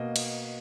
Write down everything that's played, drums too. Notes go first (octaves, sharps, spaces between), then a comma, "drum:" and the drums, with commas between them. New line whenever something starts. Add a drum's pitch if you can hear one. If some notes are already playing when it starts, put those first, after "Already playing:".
Already playing: B2 A#3 D#5
drum: cymbal